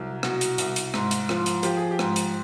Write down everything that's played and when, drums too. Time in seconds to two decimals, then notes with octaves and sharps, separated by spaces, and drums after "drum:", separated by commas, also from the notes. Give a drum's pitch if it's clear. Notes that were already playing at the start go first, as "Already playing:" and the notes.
Already playing: C2 F#3
0.23 B2 F#4, drum: rim click
0.41 drum: hi-hat
0.58 C2, drum: hi-hat
0.76 drum: hi-hat
0.94 G#2, drum: rim click
1.11 drum: hi-hat
1.29 F3, drum: rim click
1.46 drum: hi-hat
1.63 F3 G4, drum: hi-hat
1.77 G#4
1.91 G4
1.99 G#2, drum: rim click
2.16 drum: hi-hat